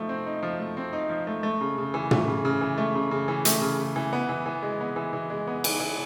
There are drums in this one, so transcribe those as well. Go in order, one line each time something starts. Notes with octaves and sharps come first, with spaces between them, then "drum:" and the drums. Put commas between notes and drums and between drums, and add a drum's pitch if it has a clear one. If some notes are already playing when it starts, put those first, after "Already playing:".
Already playing: F3 A3 D#4
C4
D#4
F3
A3
C4
D#4
F3
A3
A3
C#3
C#3
E3
A3, drum: tom
C#3
C#3
E3
A3
C#3
C#3
E3
A3, drum: hi-hat
C#3
C#3
E3
B3
E3
E3
G#3
B3
E3
E3
G#3
B3
E3, drum: cymbal
E3